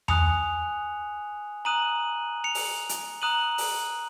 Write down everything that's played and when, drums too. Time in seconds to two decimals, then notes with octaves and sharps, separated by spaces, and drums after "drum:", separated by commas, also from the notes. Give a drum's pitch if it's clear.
0.08 G#5 D#6 F#6 C#7 F7, drum: tom E2
1.65 A#5 D#6 F#6 D#7 F#7
2.44 C#7 F7
2.55 drum: open hi-hat
2.89 drum: hi-hat
3.22 A#5 D#6 F#6 D#7 F#7
3.58 drum: open hi-hat